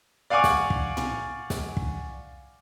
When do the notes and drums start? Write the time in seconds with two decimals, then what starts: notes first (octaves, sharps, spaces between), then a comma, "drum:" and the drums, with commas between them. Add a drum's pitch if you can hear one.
0.30 D5 F5 F#5 G#5 C#6 D6
0.44 drum: snare
0.70 drum: kick
0.97 drum: tom A2
1.50 drum: snare
1.77 drum: kick